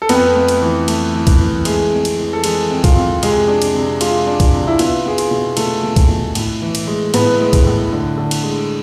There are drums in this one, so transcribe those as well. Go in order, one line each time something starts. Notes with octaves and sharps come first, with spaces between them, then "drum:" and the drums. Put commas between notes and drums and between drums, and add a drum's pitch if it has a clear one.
A4
F2 B3 B4, drum: cymbal
A3
drum: cymbal
E3
A3, drum: cymbal
E3
drum: kick, cymbal
E3
G#3 A3 G#4, drum: cymbal
F2
drum: cymbal
E3
A4
E3 G#3 G#4, drum: cymbal
F2
F4, drum: kick, cymbal
F2
C3 G#3 G#4, drum: cymbal
D4
drum: cymbal
C3
G#3 F4, drum: cymbal
D4
drum: kick, cymbal
C3
E4
B3 F4, drum: cymbal
B3 G#4
F4, drum: cymbal
B2
B2 A3 A4, drum: cymbal
B2
drum: kick, cymbal
B2
A2, drum: cymbal
E3
drum: cymbal
G#3
A2 B3 B4, drum: cymbal
G#3
drum: kick, cymbal
A2
D3
D3
drum: cymbal
G#3